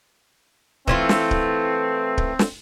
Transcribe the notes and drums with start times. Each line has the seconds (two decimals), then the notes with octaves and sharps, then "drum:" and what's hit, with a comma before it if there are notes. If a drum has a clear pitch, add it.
0.88 E3 A3 C4 F4, drum: kick D1
1.09 drum: snare
1.31 drum: kick D1
2.18 drum: kick D1
2.39 drum: snare